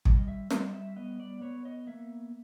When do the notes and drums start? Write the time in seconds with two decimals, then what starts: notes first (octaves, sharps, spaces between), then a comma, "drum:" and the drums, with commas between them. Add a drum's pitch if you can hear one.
0.05 G3 D#5, drum: kick
0.28 E5
0.51 G3 D#5, drum: snare
0.74 E5
0.96 B3 D#5
1.20 D5
1.41 B3 C#5
1.65 D#5
1.87 A#3 E5